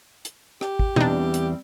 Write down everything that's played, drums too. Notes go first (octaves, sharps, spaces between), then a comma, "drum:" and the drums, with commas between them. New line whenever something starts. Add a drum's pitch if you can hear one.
drum: hi-hat
G4, drum: rim click
drum: kick
E2 G3 C4 D4 D#4, drum: tom B2
drum: hi-hat